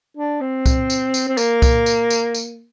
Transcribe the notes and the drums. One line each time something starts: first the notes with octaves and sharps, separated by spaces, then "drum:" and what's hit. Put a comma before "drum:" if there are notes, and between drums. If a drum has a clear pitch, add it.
D4
C4
drum: kick C2, tambourine
drum: tambourine
drum: tambourine
C4
A#3, drum: tambourine
drum: kick C2, tambourine
drum: tambourine
drum: tambourine
drum: tambourine